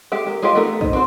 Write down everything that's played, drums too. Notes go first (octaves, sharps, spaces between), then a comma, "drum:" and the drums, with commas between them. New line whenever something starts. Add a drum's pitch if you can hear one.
G#3 G4 A4 E5
G4 A#4
G#3 F4 G4 D#5 F5
A3 B3 D#4 A4 A#4
D#4 C5, drum: kick
C4 F#4 C5